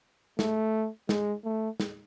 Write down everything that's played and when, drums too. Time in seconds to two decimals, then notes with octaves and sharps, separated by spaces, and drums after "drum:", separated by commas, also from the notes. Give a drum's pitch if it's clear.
0.39 A3, drum: snare
1.09 G#3, drum: snare
1.45 A3
1.80 drum: snare